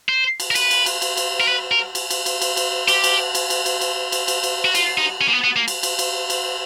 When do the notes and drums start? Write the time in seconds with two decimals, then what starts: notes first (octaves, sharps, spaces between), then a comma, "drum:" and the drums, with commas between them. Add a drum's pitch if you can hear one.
0.09 C5
0.40 drum: cymbal
0.51 A#4
0.55 B4, drum: cymbal
0.71 drum: cymbal
0.86 drum: cymbal
1.02 drum: cymbal
1.17 drum: cymbal
1.40 A#4
1.48 B4
1.71 A#4
1.95 drum: cymbal
2.10 drum: cymbal
2.26 drum: cymbal
2.42 drum: cymbal
2.57 drum: cymbal
2.88 G4, drum: cymbal
3.04 drum: cymbal
3.35 drum: cymbal
3.50 drum: cymbal
3.66 drum: cymbal
3.81 drum: cymbal
4.12 drum: cymbal
4.28 drum: cymbal
4.43 drum: cymbal
4.65 F#4
4.75 F4, drum: cymbal
4.98 D#4
5.21 C#4
5.28 A#3
5.33 B3
5.44 B3
5.56 A#3
5.68 drum: cymbal
5.83 drum: cymbal
5.99 drum: cymbal
6.30 drum: cymbal